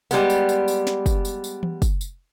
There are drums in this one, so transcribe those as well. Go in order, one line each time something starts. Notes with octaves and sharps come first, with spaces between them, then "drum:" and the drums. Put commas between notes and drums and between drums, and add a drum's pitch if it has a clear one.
G3 G#3 B3, drum: tambourine
drum: tambourine
drum: tambourine
drum: tambourine
drum: snare
drum: kick, tambourine
drum: tambourine
drum: tambourine
drum: tom E3
drum: kick, tambourine
drum: tambourine